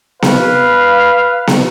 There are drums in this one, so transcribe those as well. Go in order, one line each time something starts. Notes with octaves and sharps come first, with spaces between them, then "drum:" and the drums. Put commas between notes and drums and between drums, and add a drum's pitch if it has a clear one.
B4 F5, drum: snare B3
drum: snare B3